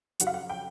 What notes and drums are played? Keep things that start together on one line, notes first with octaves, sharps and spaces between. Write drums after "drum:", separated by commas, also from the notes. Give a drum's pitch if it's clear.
F2 C#3 F#3 F#5, drum: hi-hat
F5
F#5
G5